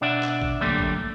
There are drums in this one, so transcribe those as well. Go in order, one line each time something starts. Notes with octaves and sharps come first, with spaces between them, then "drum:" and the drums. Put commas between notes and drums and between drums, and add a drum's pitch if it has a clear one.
B2 D4 D5 E5 F#5
drum: clap
drum: kick A1
C2 F#2 D3 G3 A3 A#3
drum: kick A1